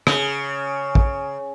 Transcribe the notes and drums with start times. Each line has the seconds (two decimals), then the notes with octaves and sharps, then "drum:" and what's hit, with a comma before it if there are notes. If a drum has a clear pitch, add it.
0.07 C#3, drum: rim click
0.95 drum: kick